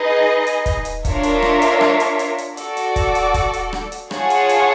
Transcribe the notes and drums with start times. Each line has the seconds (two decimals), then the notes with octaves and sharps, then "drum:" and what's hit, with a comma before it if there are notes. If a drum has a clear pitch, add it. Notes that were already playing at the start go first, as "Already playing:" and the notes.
Already playing: D#4 G#4 B4 D#5
0.47 drum: hi-hat
0.66 drum: kick, hi-hat
0.85 drum: hi-hat
1.05 D4 F4 A#4 C#5 E5, drum: kick, hi-hat
1.23 drum: hi-hat
1.42 drum: rim click
1.62 drum: hi-hat
1.81 drum: rim click
2.00 drum: hi-hat
2.19 drum: hi-hat
2.38 drum: hi-hat
2.57 F#4 A4 D5, drum: hi-hat
2.77 drum: hi-hat
2.96 drum: kick, hi-hat
3.15 drum: hi-hat
3.34 drum: kick, hi-hat
3.53 drum: hi-hat
3.73 drum: rim click
3.92 drum: hi-hat
4.11 F4 G#4 C#5 F#5 A5, drum: rim click
4.30 drum: hi-hat
4.49 drum: hi-hat